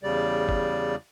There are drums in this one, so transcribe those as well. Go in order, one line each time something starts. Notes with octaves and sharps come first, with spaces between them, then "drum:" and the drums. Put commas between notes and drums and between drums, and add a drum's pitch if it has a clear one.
E2 C#3 G3 D5
drum: kick G1